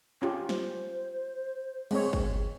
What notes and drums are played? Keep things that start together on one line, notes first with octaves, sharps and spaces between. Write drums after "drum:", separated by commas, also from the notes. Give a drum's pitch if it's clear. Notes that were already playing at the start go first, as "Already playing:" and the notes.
C#4 F4 G4, drum: clap
C5, drum: snare
G#3 C4 C#5, drum: cymbal
drum: kick